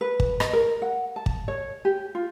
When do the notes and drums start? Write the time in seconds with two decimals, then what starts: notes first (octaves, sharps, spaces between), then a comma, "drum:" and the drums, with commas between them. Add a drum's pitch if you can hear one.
0.01 B4
0.20 drum: kick
0.40 D#5, drum: rim click
0.53 A#4
0.82 F#5
1.16 A5
1.26 drum: kick
1.48 C#5
1.85 G4
2.15 F4